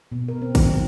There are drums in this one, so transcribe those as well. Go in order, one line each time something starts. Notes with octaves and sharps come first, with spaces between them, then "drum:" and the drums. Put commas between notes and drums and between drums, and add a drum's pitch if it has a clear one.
B2
A#4
C4
D#3, drum: kick, cymbal
F#3